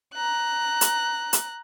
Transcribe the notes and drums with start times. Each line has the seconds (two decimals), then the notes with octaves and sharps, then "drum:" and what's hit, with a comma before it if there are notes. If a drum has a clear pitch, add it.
0.15 A#5 F#6
0.81 drum: hi-hat
1.33 drum: hi-hat